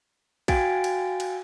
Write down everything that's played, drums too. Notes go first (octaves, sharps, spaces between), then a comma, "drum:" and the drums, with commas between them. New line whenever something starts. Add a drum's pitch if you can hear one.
F#4 F5 G5 G#5 A6 D7, drum: kick, cymbal
drum: cymbal
drum: cymbal